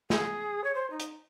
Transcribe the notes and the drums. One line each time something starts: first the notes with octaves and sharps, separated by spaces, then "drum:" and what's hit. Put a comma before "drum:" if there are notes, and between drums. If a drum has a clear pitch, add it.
G#4, drum: snare
C#5
C5
D#4
drum: hi-hat